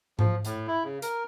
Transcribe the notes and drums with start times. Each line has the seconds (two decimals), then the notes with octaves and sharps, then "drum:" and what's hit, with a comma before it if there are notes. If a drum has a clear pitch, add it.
0.19 F3, drum: tom G#2
0.45 A2, drum: hi-hat
0.67 E4
0.84 C#3
1.02 A#4, drum: hi-hat